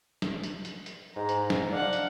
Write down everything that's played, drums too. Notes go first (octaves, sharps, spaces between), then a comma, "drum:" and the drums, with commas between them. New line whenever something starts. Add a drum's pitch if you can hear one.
drum: snare
drum: hi-hat
drum: hi-hat
drum: hi-hat
G#2 A#5
drum: hi-hat
drum: snare
D4 F5 F#5
drum: hi-hat